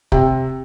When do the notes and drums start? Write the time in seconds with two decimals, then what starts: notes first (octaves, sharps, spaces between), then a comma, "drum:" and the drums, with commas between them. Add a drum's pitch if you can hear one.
0.12 C3, drum: kick